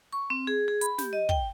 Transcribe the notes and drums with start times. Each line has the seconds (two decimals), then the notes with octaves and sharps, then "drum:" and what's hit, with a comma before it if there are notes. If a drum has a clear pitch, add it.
0.13 C#6
0.30 C4
0.47 G#4
0.68 G#4
0.81 B5, drum: hi-hat
0.98 G4, drum: snare
1.13 D#5
1.29 G5, drum: kick